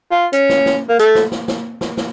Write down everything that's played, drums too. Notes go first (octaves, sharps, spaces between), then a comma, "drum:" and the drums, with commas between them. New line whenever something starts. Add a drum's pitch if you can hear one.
F4
C#4, drum: hi-hat
drum: snare
drum: snare
A#3
A3, drum: hi-hat
drum: snare
drum: snare
drum: snare
drum: snare
drum: snare